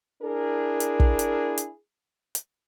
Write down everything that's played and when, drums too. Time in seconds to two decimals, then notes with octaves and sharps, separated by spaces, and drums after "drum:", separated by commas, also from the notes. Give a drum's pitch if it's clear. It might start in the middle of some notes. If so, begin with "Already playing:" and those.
0.22 D4 E4 G#4 A#4
0.80 drum: hi-hat
1.00 drum: kick
1.19 drum: hi-hat
1.58 drum: hi-hat
2.35 drum: hi-hat